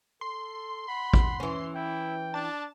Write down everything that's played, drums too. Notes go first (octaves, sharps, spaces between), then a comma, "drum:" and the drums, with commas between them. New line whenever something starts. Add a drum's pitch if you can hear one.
A4 C6
F#5 B5
drum: kick A1
E3 C#4
E4 G5
D4 A5